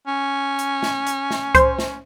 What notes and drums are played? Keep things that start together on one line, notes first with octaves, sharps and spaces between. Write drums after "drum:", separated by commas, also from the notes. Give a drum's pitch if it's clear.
C#4
drum: hi-hat
drum: snare
drum: hi-hat
drum: snare
C5, drum: kick C2, hi-hat
drum: snare